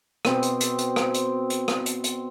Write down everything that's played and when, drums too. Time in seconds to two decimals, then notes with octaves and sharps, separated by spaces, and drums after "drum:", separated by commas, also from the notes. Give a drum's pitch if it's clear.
0.25 B2 C4 C6, drum: rim click
0.43 drum: hi-hat
0.60 drum: hi-hat
0.78 drum: hi-hat
0.96 drum: rim click
1.14 drum: hi-hat
1.50 drum: hi-hat
1.68 drum: rim click
1.86 drum: hi-hat
2.04 drum: hi-hat